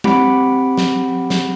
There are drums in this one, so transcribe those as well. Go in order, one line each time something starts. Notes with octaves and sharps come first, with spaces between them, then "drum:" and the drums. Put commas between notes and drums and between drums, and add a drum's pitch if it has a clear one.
C4 G4 F#5 B5 D6 D7, drum: tom G3
drum: snare
drum: snare